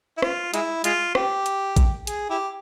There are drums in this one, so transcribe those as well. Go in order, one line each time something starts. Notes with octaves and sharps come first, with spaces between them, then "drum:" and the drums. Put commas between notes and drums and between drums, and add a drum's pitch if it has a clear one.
E4
F4, drum: rim click
G#3 E4, drum: hi-hat
G#3 F4, drum: hi-hat
G4, drum: rim click
drum: hi-hat
drum: kick A#1, hi-hat
G#4, drum: hi-hat
E4 G4